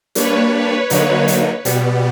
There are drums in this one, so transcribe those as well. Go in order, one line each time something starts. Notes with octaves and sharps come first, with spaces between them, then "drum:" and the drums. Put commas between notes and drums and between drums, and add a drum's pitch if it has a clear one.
G3 A#3 D4 B4 C#5, drum: hi-hat
B4 C#5
D3 F#3 A#3 D#4 B4 C#5, drum: hi-hat
drum: hi-hat
B2 G3 B3, drum: hi-hat